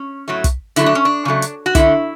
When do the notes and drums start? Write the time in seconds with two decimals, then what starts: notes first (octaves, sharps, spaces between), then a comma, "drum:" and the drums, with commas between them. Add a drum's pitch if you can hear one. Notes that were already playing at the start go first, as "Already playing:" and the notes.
Already playing: C#4
0.28 A2 F#3 A3
0.44 drum: kick, hi-hat
0.76 D3 F#3 A3 E4, drum: hi-hat
0.86 D4
0.95 C#4
1.05 D4
1.25 C#3 F#3 A3
1.42 drum: hi-hat
1.66 F#4
1.75 D3 A3 E4, drum: kick, hi-hat